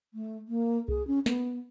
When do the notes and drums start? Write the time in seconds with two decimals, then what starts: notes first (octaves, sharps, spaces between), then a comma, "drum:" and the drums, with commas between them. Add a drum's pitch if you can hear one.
0.14 A3
0.48 A#3
0.88 G#4, drum: kick C2
1.07 C#4
1.26 B3, drum: snare